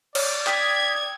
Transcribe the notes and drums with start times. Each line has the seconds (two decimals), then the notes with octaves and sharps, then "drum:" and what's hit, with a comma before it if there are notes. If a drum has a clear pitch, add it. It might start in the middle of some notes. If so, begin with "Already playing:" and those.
0.15 C#5 D5, drum: cymbal
0.47 G5 D#6 G#6 B6, drum: clap